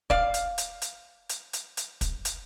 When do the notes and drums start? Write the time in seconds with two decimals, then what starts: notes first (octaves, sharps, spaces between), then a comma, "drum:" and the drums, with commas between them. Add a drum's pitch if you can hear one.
0.10 D5 F5, drum: kick
0.34 drum: hi-hat
0.58 drum: hi-hat
0.82 drum: hi-hat
1.29 drum: hi-hat
1.53 drum: hi-hat
1.77 drum: hi-hat
2.01 drum: kick, hi-hat
2.25 drum: hi-hat